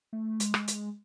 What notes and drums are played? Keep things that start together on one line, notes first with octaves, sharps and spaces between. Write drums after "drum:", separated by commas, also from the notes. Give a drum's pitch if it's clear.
A3
G#3, drum: hi-hat
drum: rim click
drum: hi-hat